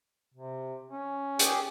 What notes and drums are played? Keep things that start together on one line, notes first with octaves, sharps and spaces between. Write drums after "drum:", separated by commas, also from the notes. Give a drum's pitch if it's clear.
C3
C#4
G4 G#4 G5, drum: hi-hat